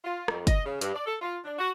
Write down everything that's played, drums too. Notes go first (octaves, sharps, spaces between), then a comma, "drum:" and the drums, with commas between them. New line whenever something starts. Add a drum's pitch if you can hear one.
F4
F2, drum: rim click
D#5, drum: kick, hi-hat
C#3
G2, drum: hi-hat
D5
A4
F4
D4
F#4